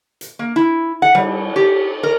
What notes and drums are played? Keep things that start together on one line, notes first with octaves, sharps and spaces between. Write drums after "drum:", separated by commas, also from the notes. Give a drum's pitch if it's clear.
drum: hi-hat
A#3
E4
F#5
G3, drum: cymbal
G4
A#4